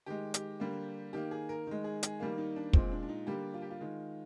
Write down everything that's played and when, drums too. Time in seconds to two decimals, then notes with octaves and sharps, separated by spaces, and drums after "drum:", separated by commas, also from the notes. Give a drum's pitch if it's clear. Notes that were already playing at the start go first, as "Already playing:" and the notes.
0.06 D#3 G#3 G4
0.34 G4, drum: hi-hat
0.60 D3 G3 A#3
1.13 D#3 A#3 G4
1.31 G#4
1.49 A#4
1.67 D#3 G#3
1.84 G#4
2.03 G#4, drum: hi-hat
2.20 D#3 G3 A#3
2.38 D#4
2.56 D4
2.73 A#2 G#3 C4, drum: kick
2.92 D4
3.03 D4
3.09 D#4
3.27 D3 G3 A#3 G4
3.54 F4
3.62 G4
3.70 F4
3.81 D#3 G#3